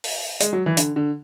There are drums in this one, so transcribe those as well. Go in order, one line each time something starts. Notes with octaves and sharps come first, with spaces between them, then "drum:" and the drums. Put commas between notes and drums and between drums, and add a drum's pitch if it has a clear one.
drum: open hi-hat
G#3, drum: hi-hat
F#3
E3
D3, drum: hi-hat
D3